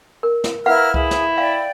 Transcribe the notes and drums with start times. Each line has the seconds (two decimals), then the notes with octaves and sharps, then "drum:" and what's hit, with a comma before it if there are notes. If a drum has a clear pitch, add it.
0.23 A#4
0.44 drum: snare
0.66 E4 A#4 B4 F5 F#5 F6
0.94 E4 G#4, drum: kick C2
1.11 drum: snare
1.38 D5 F5 G5